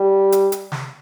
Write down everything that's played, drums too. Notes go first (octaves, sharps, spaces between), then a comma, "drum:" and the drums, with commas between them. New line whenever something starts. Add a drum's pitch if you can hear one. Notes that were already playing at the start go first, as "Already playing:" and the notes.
Already playing: G3
drum: hi-hat
drum: hi-hat
drum: snare